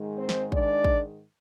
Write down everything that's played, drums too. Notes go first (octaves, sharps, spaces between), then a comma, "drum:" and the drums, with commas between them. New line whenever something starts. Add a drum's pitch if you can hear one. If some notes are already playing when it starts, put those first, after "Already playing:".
Already playing: G#2 D#3 G#3
C4 C5
drum: snare
D4 D5, drum: kick
drum: kick